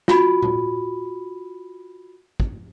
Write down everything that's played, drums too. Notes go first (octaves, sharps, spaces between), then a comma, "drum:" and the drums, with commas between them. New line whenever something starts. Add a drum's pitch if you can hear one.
F4 F#4 B5, drum: snare
drum: tom A#2
drum: kick